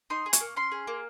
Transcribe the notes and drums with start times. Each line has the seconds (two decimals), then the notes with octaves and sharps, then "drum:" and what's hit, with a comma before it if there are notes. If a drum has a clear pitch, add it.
0.10 D#4 C6
0.26 G#4
0.33 C#6, drum: hi-hat
0.40 A#3
0.56 C#4 C6
0.72 G#4
0.87 A#3